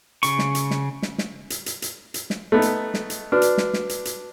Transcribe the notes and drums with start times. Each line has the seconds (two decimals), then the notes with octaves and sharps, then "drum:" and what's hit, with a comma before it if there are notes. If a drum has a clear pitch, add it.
0.23 C#3 C#6, drum: hi-hat
0.39 drum: snare
0.55 drum: hi-hat
0.71 drum: snare
1.02 drum: snare
1.18 drum: snare
1.50 drum: hi-hat
1.66 drum: hi-hat
1.82 drum: hi-hat
2.14 drum: hi-hat
2.30 drum: snare
2.52 A3 B3 D#4
2.62 drum: hi-hat
2.94 drum: snare
3.10 drum: hi-hat
3.32 D4 F#4 B4 F6
3.42 drum: hi-hat
3.58 drum: snare
3.73 drum: snare
3.89 drum: hi-hat
4.05 drum: hi-hat